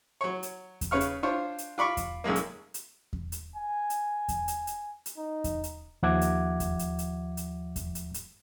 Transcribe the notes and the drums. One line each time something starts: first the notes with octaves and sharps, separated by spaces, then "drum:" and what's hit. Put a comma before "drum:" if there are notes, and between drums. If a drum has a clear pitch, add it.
F#3 C#5
drum: hi-hat
drum: kick E2, hi-hat
C#3 B4 C#5 F5 F6
drum: hi-hat
D4 F4 C5 C#5
drum: hi-hat
F4 D5 B5 C#6
drum: kick E2, hi-hat
B1 F#2 G#3 A#3
drum: hi-hat
drum: hi-hat
drum: kick E2
drum: hi-hat
G#5
drum: hi-hat
drum: kick E2, hi-hat
drum: hi-hat
drum: hi-hat
drum: hi-hat
D#4
drum: kick E2, hi-hat
drum: hi-hat
D#2 F3 E5 F#5 D6 G#6
drum: hi-hat
drum: kick E2, hi-hat
drum: hi-hat
drum: hi-hat
drum: hi-hat
drum: kick E2, hi-hat
drum: hi-hat
drum: hi-hat